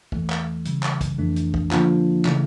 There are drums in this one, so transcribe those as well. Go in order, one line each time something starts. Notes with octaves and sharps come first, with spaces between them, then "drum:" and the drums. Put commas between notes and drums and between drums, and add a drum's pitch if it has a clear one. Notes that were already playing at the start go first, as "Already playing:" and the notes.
E2 E3 A3, drum: kick
drum: clap
C#3 E3 G3, drum: hi-hat
drum: clap
drum: kick, hi-hat
F2 E3 A3 D4
drum: hi-hat
drum: kick
D3 F3 A#3 D4 F4, drum: clap
C#3 E3 A3 E4, drum: clap